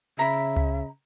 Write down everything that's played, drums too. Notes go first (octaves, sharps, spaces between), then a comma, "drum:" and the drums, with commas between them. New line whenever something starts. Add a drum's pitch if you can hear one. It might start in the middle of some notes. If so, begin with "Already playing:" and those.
C#3 E5 A#5 B5
drum: tom C#2